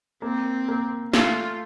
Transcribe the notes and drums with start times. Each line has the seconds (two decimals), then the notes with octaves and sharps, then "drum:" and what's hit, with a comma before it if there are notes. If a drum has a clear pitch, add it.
0.22 A#3 C4
0.68 A#3
1.13 A3 F4, drum: snare